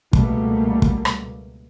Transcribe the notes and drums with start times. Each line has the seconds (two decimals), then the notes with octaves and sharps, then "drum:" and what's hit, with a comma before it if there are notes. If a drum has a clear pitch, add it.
0.13 C#2 B2 G3 A3 A#3, drum: kick
0.82 drum: kick
1.05 drum: rim click